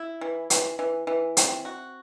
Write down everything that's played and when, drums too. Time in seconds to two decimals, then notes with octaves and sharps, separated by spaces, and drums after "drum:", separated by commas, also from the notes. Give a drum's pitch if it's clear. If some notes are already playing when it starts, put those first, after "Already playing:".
Already playing: E4
0.21 E3
0.50 E3, drum: hi-hat
0.79 E3
1.07 E3
1.37 C4, drum: hi-hat
1.65 F#4